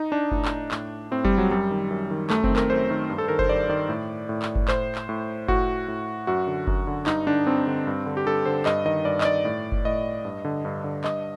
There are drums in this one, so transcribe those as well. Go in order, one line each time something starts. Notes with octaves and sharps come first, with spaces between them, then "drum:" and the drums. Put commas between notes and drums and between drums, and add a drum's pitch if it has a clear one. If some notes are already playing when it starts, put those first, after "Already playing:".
Already playing: D#4
D4
A2, drum: kick F#1
drum: clap
A2, drum: clap
A2 C4
G3, drum: kick F#1
F#3
F#2 G3
D#3
F#2
D#3
F#2 A3, drum: clap
C4, drum: kick F#1
D#3
A#4, drum: clap
F#2 C5
D#3
G2
A4
D#3 A#4
C5, drum: kick F#1
G2 D5
D#3 D5
A2
A2
drum: clap
drum: kick F#1
A2 C5, drum: clap
drum: clap
A2
A2 F#4, drum: kick F#1
A2
F#2 F#4
D3
F#2, drum: kick F#1
D3
G2 D#4, drum: clap
D3 D4
G2 C4
D3
G2
D3
G4
G2 A4
D3 C5
G2 D#5, drum: clap
D#3 D#5
G2 D5
D#5, drum: clap
D#3 D5
A2
drum: kick F#1
A2 D#5
G2
D3
G2
D3
G2 D#5, drum: clap